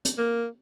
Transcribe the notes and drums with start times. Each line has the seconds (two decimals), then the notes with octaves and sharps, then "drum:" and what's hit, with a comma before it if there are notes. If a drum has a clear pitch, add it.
0.05 drum: hi-hat
0.18 A#3